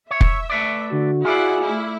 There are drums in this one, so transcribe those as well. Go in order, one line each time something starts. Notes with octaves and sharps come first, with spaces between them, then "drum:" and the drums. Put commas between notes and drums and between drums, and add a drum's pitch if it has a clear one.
C#5 E5
drum: kick
A3 B4 D5
D3 F#4
E4 F4 G#4 D5 F#5
A3 E4